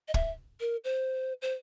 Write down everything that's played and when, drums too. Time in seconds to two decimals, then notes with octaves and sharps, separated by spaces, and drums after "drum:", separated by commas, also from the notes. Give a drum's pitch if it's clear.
0.08 D#5
0.14 E5, drum: kick
0.60 A#4
0.84 C5
1.42 C5